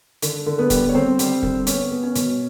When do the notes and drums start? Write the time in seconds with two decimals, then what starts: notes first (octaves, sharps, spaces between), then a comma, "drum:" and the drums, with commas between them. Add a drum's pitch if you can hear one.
0.22 D3, drum: hi-hat
0.46 D3
0.58 B3 B4
0.70 G3, drum: kick, hi-hat
0.89 C#5
0.94 D3 C4 C5
1.19 G3, drum: hi-hat
1.43 D3, drum: kick
1.67 B3 C#4 C#5, drum: hi-hat
1.92 B3
2.03 C#4 C#5
2.15 B2, drum: hi-hat